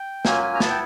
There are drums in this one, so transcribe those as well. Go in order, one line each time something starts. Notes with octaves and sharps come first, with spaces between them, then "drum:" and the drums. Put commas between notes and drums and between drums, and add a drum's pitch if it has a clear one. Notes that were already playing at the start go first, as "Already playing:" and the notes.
Already playing: G5
F#3 A#3 C#4 F4 G#5, drum: snare
G#5
A#5
B3 E4 A5, drum: snare
G5